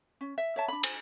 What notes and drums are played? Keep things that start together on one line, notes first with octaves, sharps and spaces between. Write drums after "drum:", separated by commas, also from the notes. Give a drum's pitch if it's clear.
C#4
E5
C#5 E5 A5
D4 B5
C5 G#5, drum: cymbal